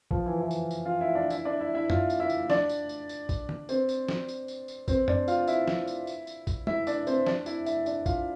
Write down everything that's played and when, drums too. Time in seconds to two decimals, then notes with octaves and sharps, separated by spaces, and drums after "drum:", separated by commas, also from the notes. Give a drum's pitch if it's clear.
0.11 F3 F4, drum: kick A#1
0.26 E3 E4
0.41 E3 E4
0.51 drum: tambourine
0.71 drum: tambourine
0.85 F4 F5
1.00 E4 E5
1.15 D4 D5
1.30 E4 E5, drum: tambourine
1.45 D4 D5
1.60 E4 E5
1.74 E4 E5
1.90 F4 F5, drum: tom F#2
2.10 drum: tambourine
2.20 E4 E5
2.30 drum: tambourine
2.50 D4 D5, drum: snare
2.69 drum: tambourine
2.89 drum: tambourine
3.09 drum: tambourine
3.29 drum: kick A#1, tambourine
3.49 drum: tom
3.69 C4 C5, drum: tambourine
3.89 drum: tambourine
4.09 drum: snare
4.28 drum: tambourine
4.48 drum: tambourine
4.68 drum: tambourine
4.88 C4 C5, drum: kick A#1, tambourine
5.08 D4 D5, drum: tom F#2
5.27 F4 F5, drum: tambourine
5.47 E4 E5, drum: tambourine
5.68 drum: snare
5.87 drum: tambourine
6.07 drum: tambourine
6.27 drum: tambourine
6.47 drum: kick A#1, tambourine
6.67 E4 E5, drum: tom
6.87 D4 D5, drum: tambourine
7.07 C4 C5, drum: tambourine
7.27 D4 D5, drum: snare
7.46 E4 E5, drum: tambourine
7.66 E4 E5, drum: tambourine
7.86 D4 D5, drum: tambourine
8.06 F4 F5, drum: kick A#1, tambourine